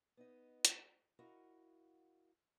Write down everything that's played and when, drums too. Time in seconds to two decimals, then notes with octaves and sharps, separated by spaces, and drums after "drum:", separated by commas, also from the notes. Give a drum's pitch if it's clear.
0.17 B3 D#4 D#5
0.65 drum: hi-hat
1.19 E4 F#4 A#4 D#5 F5 F#5